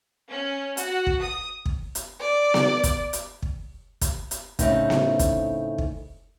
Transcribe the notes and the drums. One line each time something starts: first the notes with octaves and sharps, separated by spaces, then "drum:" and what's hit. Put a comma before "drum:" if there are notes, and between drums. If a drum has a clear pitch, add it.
C#4
F#4, drum: hi-hat
drum: kick
D#6
drum: kick
drum: hi-hat
D5
drum: snare B3
drum: kick, hi-hat
drum: hi-hat
drum: kick
drum: kick, hi-hat
drum: hi-hat
A2 C#3 A3 C4 D#4, drum: kick, hi-hat
drum: snare B3
drum: kick, hi-hat
drum: kick